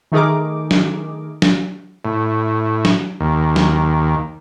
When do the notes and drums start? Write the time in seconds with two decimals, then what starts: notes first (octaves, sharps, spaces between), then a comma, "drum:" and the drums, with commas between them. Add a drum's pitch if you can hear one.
0.12 D#3 A3 D#4 G#4 A#4 D6
0.71 drum: snare
1.42 drum: snare
2.05 A2
2.85 drum: snare
3.20 D#2
3.56 drum: snare